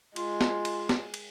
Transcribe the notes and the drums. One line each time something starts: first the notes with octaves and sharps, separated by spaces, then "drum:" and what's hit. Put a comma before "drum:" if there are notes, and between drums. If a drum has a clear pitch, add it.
G#3 F4, drum: cymbal
drum: snare
drum: cymbal
drum: snare
drum: cymbal